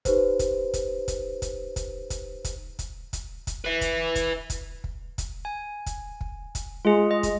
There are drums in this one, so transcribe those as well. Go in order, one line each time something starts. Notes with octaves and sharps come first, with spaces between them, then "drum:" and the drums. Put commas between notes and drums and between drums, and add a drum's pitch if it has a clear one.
D#4 G4 B4 C5, drum: kick, hi-hat
drum: kick, hi-hat
drum: kick, hi-hat
drum: kick, hi-hat
drum: kick, hi-hat
drum: kick, hi-hat
drum: kick, hi-hat
drum: kick, hi-hat
drum: kick, hi-hat
drum: kick, hi-hat
drum: kick, hi-hat
B4 E5
drum: kick, hi-hat
drum: kick, hi-hat
drum: kick, hi-hat
drum: kick
drum: kick, hi-hat
G#5
drum: kick, hi-hat
drum: kick
drum: kick, hi-hat
G#3 F4 G#4
D#5
drum: kick, hi-hat